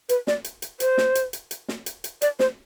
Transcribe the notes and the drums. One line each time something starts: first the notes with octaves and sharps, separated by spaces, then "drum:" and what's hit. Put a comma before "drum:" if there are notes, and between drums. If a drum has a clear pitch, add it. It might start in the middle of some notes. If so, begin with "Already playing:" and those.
B4, drum: hi-hat
D5, drum: snare
drum: hi-hat
drum: hi-hat
C5, drum: hi-hat
drum: snare
drum: hi-hat
drum: hi-hat
drum: hi-hat
drum: snare
drum: hi-hat
drum: hi-hat
D5, drum: hi-hat
C5, drum: snare